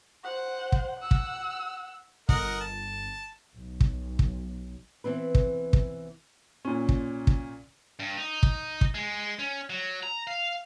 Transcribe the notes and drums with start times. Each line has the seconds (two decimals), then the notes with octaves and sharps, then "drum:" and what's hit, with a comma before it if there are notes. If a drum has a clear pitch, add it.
0.24 C5 F#5
0.72 drum: kick
0.99 F#5 E6
1.11 drum: kick
2.29 G1 A#4 D#5 F#5, drum: kick
2.60 A5
3.58 B1
3.80 drum: kick
4.19 drum: kick
5.04 E3 B3 C4 B4
5.35 drum: kick
5.73 drum: kick
6.65 A#2 C#4
6.89 drum: kick
7.27 drum: kick
7.99 G2
8.17 D#4
8.43 drum: kick
8.81 drum: kick
8.94 G#3
9.39 C#4
9.70 F#3
10.03 A#5
10.27 F5